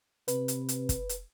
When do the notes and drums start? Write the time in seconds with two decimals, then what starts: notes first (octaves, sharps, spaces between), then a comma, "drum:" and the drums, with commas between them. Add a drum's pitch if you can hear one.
0.28 C3 B4, drum: hi-hat
0.48 drum: hi-hat
0.69 drum: hi-hat
0.89 drum: kick, hi-hat
1.09 drum: hi-hat